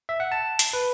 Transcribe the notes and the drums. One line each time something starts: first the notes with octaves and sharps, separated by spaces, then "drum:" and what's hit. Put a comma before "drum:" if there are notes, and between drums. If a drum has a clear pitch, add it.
E5
F#5
A5
drum: hi-hat
B4